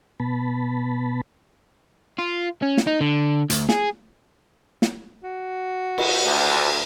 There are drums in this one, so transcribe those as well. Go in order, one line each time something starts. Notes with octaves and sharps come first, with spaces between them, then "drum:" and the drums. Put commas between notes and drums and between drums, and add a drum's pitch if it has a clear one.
B2 B3 A5 B5
F4
C#4
drum: snare
D#4
D3
D2, drum: hi-hat
G#4, drum: snare
drum: snare
F#4
drum: cymbal
D2